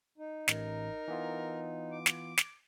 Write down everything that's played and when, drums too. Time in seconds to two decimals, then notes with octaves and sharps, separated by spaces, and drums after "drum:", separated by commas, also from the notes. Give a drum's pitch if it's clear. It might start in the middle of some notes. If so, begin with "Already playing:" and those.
0.18 D#4
0.48 A1 A#4, drum: snare
1.08 E3 B3 F4
1.92 D6
2.06 drum: snare
2.37 drum: snare